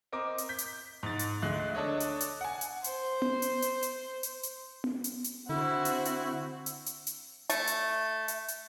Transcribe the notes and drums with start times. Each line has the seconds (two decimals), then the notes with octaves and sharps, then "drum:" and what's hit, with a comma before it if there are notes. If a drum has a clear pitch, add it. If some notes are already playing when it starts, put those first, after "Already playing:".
0.12 C4 A#4 D#5 D6
0.38 drum: hi-hat
0.49 G6 B6
0.58 drum: hi-hat
1.03 G#2 A6
1.19 drum: hi-hat
1.42 D2 G#3 A3 F#6
1.75 D4 A4 C#5 D#5
2.00 drum: hi-hat
2.21 drum: hi-hat
2.41 F#5 G#5
2.61 drum: hi-hat
2.84 C5, drum: hi-hat
3.22 drum: tom B3
3.42 drum: hi-hat
3.62 drum: hi-hat
3.83 drum: hi-hat
4.23 drum: hi-hat
4.43 drum: hi-hat
4.84 drum: tom B3
5.04 drum: hi-hat
5.24 drum: hi-hat
5.49 D3 C4 E4 F#4 C5 E6
5.85 drum: hi-hat
6.05 drum: hi-hat
6.66 drum: hi-hat
6.86 drum: hi-hat
7.07 drum: hi-hat
7.50 A3, drum: hi-hat
7.67 drum: hi-hat
8.28 drum: hi-hat
8.48 drum: hi-hat